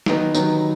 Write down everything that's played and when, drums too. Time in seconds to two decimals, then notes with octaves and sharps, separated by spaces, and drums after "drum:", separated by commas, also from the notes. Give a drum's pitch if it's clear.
0.06 D#3 F#3 B3 D#4, drum: snare
0.34 D#3 F#3 B3 D#4, drum: tambourine